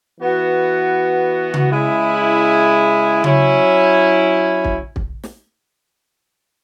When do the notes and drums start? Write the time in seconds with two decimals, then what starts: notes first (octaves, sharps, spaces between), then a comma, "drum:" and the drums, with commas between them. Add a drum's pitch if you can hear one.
0.19 E3 B3 F#4
1.54 drum: tom C#3
1.72 C#3 G#3 E4
3.24 F#3 C#4 E4, drum: tom C#3
4.64 drum: kick
4.96 drum: kick
5.23 drum: snare